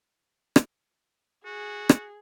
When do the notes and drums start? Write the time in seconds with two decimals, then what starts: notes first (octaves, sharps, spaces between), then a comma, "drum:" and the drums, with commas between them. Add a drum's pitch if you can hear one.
0.56 drum: rim click
1.45 F#4 G#4
1.89 drum: rim click